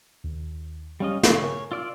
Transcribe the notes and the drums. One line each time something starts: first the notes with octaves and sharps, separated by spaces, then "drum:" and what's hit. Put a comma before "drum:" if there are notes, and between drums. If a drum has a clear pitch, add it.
D#2
G3 C#4 D#5 F5 F6
A4 C#5, drum: snare
A#4 G#5
F4 D5 E6 F6